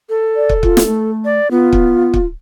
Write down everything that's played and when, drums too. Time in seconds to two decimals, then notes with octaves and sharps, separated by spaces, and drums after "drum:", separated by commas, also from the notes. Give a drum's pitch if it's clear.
0.10 A4
0.36 D5
0.49 drum: kick
0.63 F4, drum: kick
0.77 drum: snare
0.86 A3
1.25 D5
1.51 B3 F4
1.73 drum: kick
2.14 drum: kick